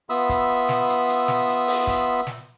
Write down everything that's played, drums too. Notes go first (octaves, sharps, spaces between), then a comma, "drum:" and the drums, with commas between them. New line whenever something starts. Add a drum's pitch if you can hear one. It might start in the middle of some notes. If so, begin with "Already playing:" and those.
B3 F4 E5 B5 D#6 E6
drum: kick, hi-hat
drum: snare
drum: hi-hat
drum: hi-hat
drum: snare
drum: hi-hat
drum: open hi-hat
drum: kick, hi-hat
drum: snare